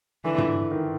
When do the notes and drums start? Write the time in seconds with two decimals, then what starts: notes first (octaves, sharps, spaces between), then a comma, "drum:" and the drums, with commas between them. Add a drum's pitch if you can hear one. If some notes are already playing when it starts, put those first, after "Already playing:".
0.25 D3 E3
0.38 drum: tom
0.71 D#3